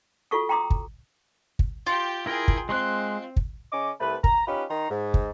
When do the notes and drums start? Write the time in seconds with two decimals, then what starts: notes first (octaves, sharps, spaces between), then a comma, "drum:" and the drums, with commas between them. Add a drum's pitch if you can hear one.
0.31 F4 F#4 A4 C#6 D#6
0.49 G5 A#5 C6 D6 D#6
0.70 drum: kick
1.59 drum: kick
1.87 F4 G4 G5
2.26 E4 G#4 A#4 G5
2.48 drum: kick
2.69 G#3 C4 C6 F#6
3.36 drum: kick
3.73 C#3 C#4 D#5 D6
4.01 C2 C3 A3 B4
4.24 A#5, drum: kick
4.47 C#4 D#4 F4 G4 B4
4.70 D#3 A#5 C6
4.90 G#2
5.14 drum: kick